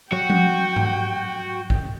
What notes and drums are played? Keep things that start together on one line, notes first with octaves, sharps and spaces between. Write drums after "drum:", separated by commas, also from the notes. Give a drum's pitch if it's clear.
F#3 F#4 C#5 G5
drum: tom F3
drum: tom G#2
drum: kick A#1